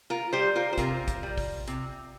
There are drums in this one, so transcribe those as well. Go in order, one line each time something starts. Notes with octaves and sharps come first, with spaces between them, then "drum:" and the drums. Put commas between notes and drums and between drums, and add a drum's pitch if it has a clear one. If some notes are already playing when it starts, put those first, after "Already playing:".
F4 A#4
G3 G4 C5
F4 A#4
C5
C3 F4 A#4, drum: kick, hi-hat
drum: kick, hi-hat
G3
drum: kick, open hi-hat
C3, drum: hi-hat